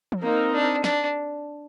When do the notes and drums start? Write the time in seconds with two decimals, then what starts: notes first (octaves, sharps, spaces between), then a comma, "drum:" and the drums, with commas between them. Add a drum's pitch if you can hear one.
0.12 drum: tom E3
0.21 A#3 C4 D#4 A#4
0.54 D4
0.84 D4, drum: snare